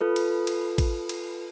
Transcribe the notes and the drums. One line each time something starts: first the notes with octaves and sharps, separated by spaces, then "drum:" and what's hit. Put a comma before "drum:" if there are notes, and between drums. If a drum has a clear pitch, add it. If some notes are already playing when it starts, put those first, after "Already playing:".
F4 A4 B4
drum: cymbal
drum: cymbal
drum: kick, cymbal
drum: cymbal